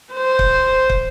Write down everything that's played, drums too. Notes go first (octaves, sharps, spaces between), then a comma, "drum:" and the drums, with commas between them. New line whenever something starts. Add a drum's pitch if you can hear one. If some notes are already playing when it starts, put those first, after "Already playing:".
C5
drum: kick
drum: kick